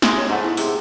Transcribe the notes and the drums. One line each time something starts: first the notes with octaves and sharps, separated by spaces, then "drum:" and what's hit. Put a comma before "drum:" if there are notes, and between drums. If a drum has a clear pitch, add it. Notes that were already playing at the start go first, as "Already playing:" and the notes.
C3 G#3, drum: snare
C#5
G#2 A3 F#5
E4
C3 G#4, drum: open hi-hat